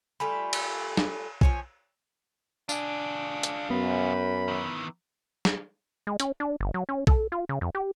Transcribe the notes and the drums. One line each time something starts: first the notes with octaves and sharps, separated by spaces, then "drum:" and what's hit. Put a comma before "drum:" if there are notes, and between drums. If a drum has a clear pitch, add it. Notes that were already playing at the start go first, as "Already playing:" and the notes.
G3 A3 F4 G#5 B5
drum: cymbal
drum: snare
F3 C#5 G#5, drum: kick B1
D4 F4 G#4, drum: tambourine
drum: hi-hat
F#2 B3 B5
D#3 E3
drum: snare
G#3
C#4, drum: hi-hat
D4
G1
F#3
C#4
A4, drum: kick B1
F4
C#3
F2
G4